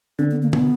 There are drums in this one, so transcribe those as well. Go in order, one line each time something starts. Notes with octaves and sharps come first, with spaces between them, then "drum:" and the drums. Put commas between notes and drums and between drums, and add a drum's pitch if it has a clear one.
D3 C4
B3
A#3
B3, drum: tom